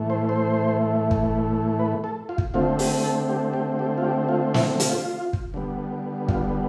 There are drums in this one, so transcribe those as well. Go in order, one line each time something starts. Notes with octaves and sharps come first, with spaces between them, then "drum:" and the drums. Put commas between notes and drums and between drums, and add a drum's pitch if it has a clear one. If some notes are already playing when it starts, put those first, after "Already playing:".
Already playing: A2 E3 A3
C5
C5
drum: kick
B4
A4
F4
drum: kick
D3 A3 C4 F4
G4, drum: open hi-hat
A4
G4
G4
G4
F4
G4
F4
E4, drum: snare
F4, drum: hi-hat
drum: kick
D3 G3 B3
F4, drum: kick